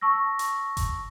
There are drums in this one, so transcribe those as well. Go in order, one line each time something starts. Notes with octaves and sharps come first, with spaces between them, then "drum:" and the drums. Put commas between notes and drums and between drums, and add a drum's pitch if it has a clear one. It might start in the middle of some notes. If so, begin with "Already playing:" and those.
A5 C#6 E6 A#6
drum: hi-hat
drum: kick F#1, hi-hat